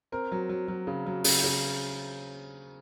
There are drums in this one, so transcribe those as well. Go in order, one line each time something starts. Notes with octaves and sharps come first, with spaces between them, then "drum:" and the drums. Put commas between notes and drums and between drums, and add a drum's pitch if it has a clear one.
C4 A#4
F#3
F#3
F#3
C#3
F#3
C#3, drum: open hi-hat
C#3